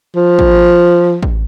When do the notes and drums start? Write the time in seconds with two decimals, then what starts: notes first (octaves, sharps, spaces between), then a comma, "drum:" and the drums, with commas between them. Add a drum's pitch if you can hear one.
0.16 F3
0.39 drum: kick
1.23 drum: kick